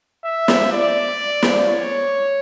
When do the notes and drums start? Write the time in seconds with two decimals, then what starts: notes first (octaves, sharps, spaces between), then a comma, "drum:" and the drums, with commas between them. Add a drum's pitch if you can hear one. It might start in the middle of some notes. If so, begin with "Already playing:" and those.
0.24 E5
0.48 drum: snare
0.72 D5
1.42 drum: snare
1.66 C#5